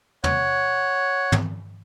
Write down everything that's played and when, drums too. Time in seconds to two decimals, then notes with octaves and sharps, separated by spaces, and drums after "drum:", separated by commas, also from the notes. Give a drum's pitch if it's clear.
0.24 C#5 F#5, drum: tom
1.32 drum: tom